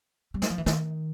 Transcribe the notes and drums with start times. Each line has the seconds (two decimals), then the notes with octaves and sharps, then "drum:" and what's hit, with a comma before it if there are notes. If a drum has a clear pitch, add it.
0.34 G3
0.42 F#3, drum: snare
0.50 F3
0.58 E3
0.66 D#3, drum: snare